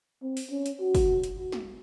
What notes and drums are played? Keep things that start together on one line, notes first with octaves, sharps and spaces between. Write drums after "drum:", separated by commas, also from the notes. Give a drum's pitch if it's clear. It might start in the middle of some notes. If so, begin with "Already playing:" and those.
C4
drum: open hi-hat
C#4
drum: hi-hat
F#4
drum: kick, open hi-hat
drum: hi-hat
F#4
drum: snare